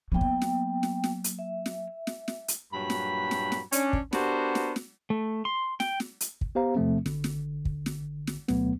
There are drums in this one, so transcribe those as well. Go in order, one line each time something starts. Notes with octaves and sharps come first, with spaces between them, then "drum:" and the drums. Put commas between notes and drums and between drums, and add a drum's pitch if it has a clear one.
F#3 A#3 B3 G5
drum: kick
drum: snare
drum: snare
drum: snare
drum: hi-hat
E5
drum: snare
drum: snare
drum: snare
drum: hi-hat
G2 A#2 F#3 B5
drum: snare
drum: snare
drum: snare
C#4 D4, drum: hi-hat
drum: kick
B3 D4 F#4 G4 A#4 C5, drum: snare
drum: snare
drum: snare
A3
C6
G5, drum: snare
drum: snare
drum: hi-hat
drum: kick
B3 G4 C5 F5 A#5
E2 C3 F3 A3 C4
G#1 D3, drum: snare
drum: snare
drum: kick
drum: snare
drum: snare
D2 B2 F#3 A3 B3, drum: snare